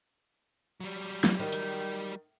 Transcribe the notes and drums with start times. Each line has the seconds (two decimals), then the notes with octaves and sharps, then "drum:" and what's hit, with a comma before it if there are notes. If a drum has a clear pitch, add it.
0.80 F#3 G3
1.24 drum: snare
1.40 D#3
1.52 drum: hi-hat